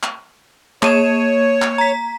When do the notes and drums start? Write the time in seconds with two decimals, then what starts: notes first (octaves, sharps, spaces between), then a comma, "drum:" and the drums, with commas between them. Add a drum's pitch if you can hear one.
0.03 drum: clap
0.83 A#3 C#5 D#7 E7, drum: clap
1.62 drum: clap
1.78 A#5 B6